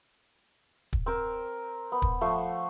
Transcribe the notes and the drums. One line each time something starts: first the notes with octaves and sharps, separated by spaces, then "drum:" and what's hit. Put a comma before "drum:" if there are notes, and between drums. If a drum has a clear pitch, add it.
drum: kick
C4 A#4
B3
drum: kick
F3 A3 C5 F#5